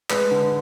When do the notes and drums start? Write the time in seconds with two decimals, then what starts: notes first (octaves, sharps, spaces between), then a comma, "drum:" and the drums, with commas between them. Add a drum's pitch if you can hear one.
0.10 G#3 B4, drum: clap
0.31 D3